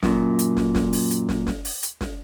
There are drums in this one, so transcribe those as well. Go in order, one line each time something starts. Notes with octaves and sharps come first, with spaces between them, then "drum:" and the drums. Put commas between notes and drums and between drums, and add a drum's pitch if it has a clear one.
F#2 A#2, drum: snare
drum: hi-hat
drum: snare
drum: snare
drum: open hi-hat
drum: hi-hat
drum: snare
drum: snare
drum: open hi-hat
drum: hi-hat
drum: snare